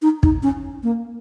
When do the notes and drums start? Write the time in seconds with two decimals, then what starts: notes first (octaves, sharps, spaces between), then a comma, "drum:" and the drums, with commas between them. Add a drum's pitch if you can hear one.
0.02 D#4
0.23 D#4, drum: kick
0.43 C#4
0.83 A#3